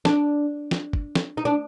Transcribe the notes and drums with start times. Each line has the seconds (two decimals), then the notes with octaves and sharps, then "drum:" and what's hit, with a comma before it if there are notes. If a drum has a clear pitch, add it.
0.05 D4, drum: snare
0.71 drum: snare
0.93 drum: kick
1.15 drum: snare
1.37 D#4
1.45 D4